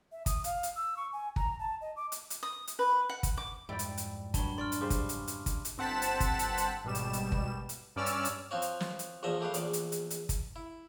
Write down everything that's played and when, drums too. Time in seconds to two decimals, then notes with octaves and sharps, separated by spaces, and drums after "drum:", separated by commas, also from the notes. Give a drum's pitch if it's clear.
0.12 E5
0.26 D#6, drum: kick, hi-hat
0.44 F5, drum: hi-hat
0.63 drum: hi-hat
0.76 E6
0.97 C#6
1.13 G#5
1.36 A#5, drum: kick
1.59 A5
1.81 D#5
1.96 D6
2.12 drum: hi-hat
2.30 drum: hi-hat
2.43 D#6
2.67 drum: hi-hat
2.79 B4
3.09 F#5
3.23 drum: kick, hi-hat
3.38 D6
3.69 F2 G#2 G3 E4 D5 G5
3.79 drum: hi-hat
3.97 drum: hi-hat
4.34 G2 F#3 A5 B5 G7, drum: kick, hi-hat
4.58 D5 C6 C#6 F6
4.72 drum: hi-hat
4.81 C#3 G3 C5 D6
4.90 drum: kick, hi-hat
5.09 drum: hi-hat
5.28 drum: hi-hat
5.46 drum: kick, hi-hat
5.65 drum: hi-hat
5.78 G1 C4 F#5 A5 B6 E7
6.02 drum: hi-hat
6.20 drum: kick, hi-hat
6.39 drum: hi-hat
6.58 drum: hi-hat
6.85 G#1 B2 G3 E7
6.95 drum: hi-hat
7.13 drum: hi-hat
7.32 drum: kick
7.69 drum: hi-hat
7.96 G2 C#4 D5 E6 F6
8.06 drum: hi-hat
8.25 drum: hi-hat
8.51 F3 C4 F4 F#4 C#5
8.62 drum: hi-hat
8.80 drum: snare
8.99 drum: hi-hat
9.23 A#1 E2 F3 D#5 E5
9.41 A3 G4 B4 F5
9.54 A#1 E2 D5, drum: hi-hat
9.73 drum: hi-hat
9.92 drum: hi-hat
10.10 drum: hi-hat
10.29 drum: kick, hi-hat
10.56 E4